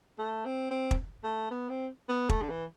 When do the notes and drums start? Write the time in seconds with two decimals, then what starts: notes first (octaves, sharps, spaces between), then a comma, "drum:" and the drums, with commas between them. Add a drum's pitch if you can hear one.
0.19 A3
0.45 C4
0.70 C4
0.91 drum: kick
1.24 A3
1.50 B3
1.69 C4
2.09 B3
2.29 A3, drum: kick
2.42 D3
2.49 E3